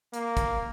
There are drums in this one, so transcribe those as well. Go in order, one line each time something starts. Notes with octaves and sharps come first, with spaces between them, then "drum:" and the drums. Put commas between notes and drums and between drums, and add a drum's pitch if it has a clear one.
A#3, drum: hi-hat
drum: kick, hi-hat